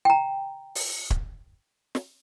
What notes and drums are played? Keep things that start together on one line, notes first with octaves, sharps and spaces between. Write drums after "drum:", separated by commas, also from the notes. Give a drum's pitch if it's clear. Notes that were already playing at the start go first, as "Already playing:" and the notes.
G5 A#5
drum: open hi-hat
drum: kick
drum: snare